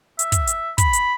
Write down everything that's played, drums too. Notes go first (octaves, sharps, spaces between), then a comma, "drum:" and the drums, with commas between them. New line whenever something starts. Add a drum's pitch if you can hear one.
E5, drum: hi-hat
drum: kick, hi-hat
drum: hi-hat
B5, drum: kick, hi-hat
drum: hi-hat